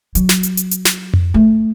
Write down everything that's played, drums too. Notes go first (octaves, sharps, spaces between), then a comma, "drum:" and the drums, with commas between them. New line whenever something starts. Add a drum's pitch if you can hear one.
F#3, drum: hi-hat
drum: snare
drum: hi-hat
drum: hi-hat
drum: hi-hat
drum: snare
drum: tom F2
A3